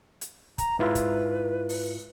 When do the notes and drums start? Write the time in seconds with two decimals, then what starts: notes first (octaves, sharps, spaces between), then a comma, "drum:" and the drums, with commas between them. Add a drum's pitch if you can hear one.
0.21 drum: hi-hat
0.58 A#5, drum: kick, hi-hat
0.79 G#2 E4 F4 B4
0.95 drum: kick, hi-hat
1.69 drum: open hi-hat